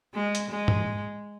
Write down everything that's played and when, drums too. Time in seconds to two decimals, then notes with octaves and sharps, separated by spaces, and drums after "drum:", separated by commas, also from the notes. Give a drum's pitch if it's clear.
0.14 G#3
0.35 drum: hi-hat
0.50 G#3
0.68 drum: tom